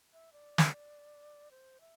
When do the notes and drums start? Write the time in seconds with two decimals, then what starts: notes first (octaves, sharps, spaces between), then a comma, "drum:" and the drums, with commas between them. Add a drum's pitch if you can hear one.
0.13 E5
0.33 D5
0.58 drum: snare
1.51 C5
1.81 E5